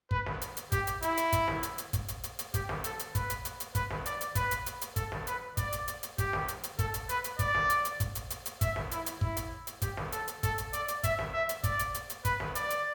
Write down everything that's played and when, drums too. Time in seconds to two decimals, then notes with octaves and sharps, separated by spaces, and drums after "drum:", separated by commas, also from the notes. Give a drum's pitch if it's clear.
0.11 B4, drum: kick
0.26 drum: snare
0.41 drum: hi-hat
0.57 drum: hi-hat
0.72 G4, drum: kick, hi-hat
0.87 drum: hi-hat
1.02 E4, drum: hi-hat
1.17 drum: hi-hat
1.33 drum: kick, hi-hat
1.48 drum: snare
1.63 drum: hi-hat
1.78 drum: hi-hat
1.93 drum: kick, hi-hat
2.08 drum: hi-hat
2.24 drum: hi-hat
2.39 drum: hi-hat
2.54 G4, drum: kick, hi-hat
2.69 drum: snare
2.84 A4, drum: hi-hat
2.99 drum: hi-hat
3.15 B4, drum: kick, hi-hat
3.30 drum: hi-hat
3.45 drum: hi-hat
3.60 drum: hi-hat
3.75 B4, drum: kick, hi-hat
3.90 drum: snare
4.06 D5, drum: hi-hat
4.21 drum: hi-hat
4.35 B4, drum: kick, hi-hat
4.51 drum: hi-hat
4.66 drum: hi-hat
4.81 drum: hi-hat
4.96 A4, drum: kick, hi-hat
5.12 drum: snare
5.27 B4, drum: hi-hat
5.57 D5, drum: kick, hi-hat
5.72 drum: hi-hat
5.88 drum: hi-hat
6.03 drum: hi-hat
6.18 G4, drum: kick, hi-hat
6.33 drum: snare
6.48 drum: hi-hat
6.63 drum: hi-hat
6.79 A4, drum: kick, hi-hat
6.94 drum: hi-hat
7.09 B4, drum: hi-hat
7.24 drum: hi-hat
7.39 D5, drum: kick, hi-hat
7.55 drum: snare
7.70 drum: hi-hat
7.85 drum: hi-hat
8.00 drum: kick, hi-hat
8.15 drum: hi-hat
8.30 drum: hi-hat
8.46 drum: hi-hat
8.61 E5, drum: kick, hi-hat
8.76 drum: snare
8.91 E4, drum: hi-hat
9.06 drum: hi-hat
9.21 E4, drum: kick
9.37 drum: hi-hat
9.67 drum: hi-hat
9.82 G4, drum: kick, hi-hat
9.97 drum: snare
10.12 A4, drum: hi-hat
10.28 drum: hi-hat
10.43 A4, drum: kick, hi-hat
10.58 drum: hi-hat
10.73 D5, drum: hi-hat
10.88 drum: hi-hat
11.03 E5, drum: kick, hi-hat
11.19 drum: snare
11.34 E5
11.49 drum: hi-hat
11.64 D5, drum: kick, hi-hat
11.79 drum: hi-hat
11.94 drum: hi-hat
12.10 drum: hi-hat
12.25 B4, drum: kick, hi-hat
12.40 drum: snare
12.55 D5, drum: hi-hat
12.70 drum: hi-hat